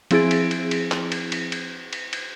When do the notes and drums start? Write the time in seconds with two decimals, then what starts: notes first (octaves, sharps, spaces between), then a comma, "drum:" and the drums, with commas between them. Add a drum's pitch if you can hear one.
0.11 F3 C4 E4 G#4 A6 D7, drum: cymbal
0.31 drum: cymbal
0.51 drum: cymbal
0.71 drum: cymbal
0.92 drum: clap
1.12 drum: cymbal
1.32 drum: cymbal
1.52 drum: cymbal
1.93 drum: cymbal
2.13 drum: cymbal